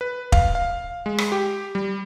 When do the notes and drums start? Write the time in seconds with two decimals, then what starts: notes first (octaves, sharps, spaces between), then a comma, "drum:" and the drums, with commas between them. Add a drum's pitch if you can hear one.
0.01 B4
0.32 F5, drum: kick
0.55 F5
1.06 G#3
1.18 drum: rim click
1.32 G4
1.75 G3